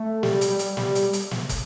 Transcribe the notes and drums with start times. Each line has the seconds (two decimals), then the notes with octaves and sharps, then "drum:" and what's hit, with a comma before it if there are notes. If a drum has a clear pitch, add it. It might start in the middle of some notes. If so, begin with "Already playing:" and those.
Already playing: A3
0.23 G3, drum: snare
0.41 drum: hi-hat
0.50 G3
0.59 drum: hi-hat
0.77 G3, drum: snare
0.95 drum: hi-hat
1.13 drum: hi-hat
1.31 drum: snare
1.49 drum: kick, hi-hat